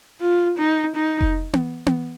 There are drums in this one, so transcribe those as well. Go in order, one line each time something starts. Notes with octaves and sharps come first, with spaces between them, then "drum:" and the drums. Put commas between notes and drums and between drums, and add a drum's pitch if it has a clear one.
F4
D#4
D#4
drum: kick F1
drum: tom B3
drum: tom B3